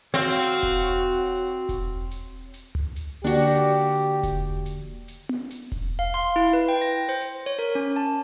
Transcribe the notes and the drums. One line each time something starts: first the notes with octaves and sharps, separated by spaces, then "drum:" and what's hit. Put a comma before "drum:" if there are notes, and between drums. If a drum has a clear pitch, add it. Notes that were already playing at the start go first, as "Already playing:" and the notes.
C4 F#4 C#5 F5 G5
drum: hi-hat
drum: kick E1, open hi-hat
drum: hi-hat
drum: open hi-hat
drum: kick E1, hi-hat
drum: hi-hat
drum: hi-hat
drum: tom C#2
drum: hi-hat
D3 A#3 D4 F#4 G4
drum: hi-hat
drum: open hi-hat
drum: kick E1, hi-hat
drum: hi-hat
drum: hi-hat
drum: tom B3
drum: hi-hat
drum: kick E1, open hi-hat
F5
C6
E4, drum: open hi-hat
B4
G5
A#6
C5
drum: hi-hat
C#5
A#4
C#4
A5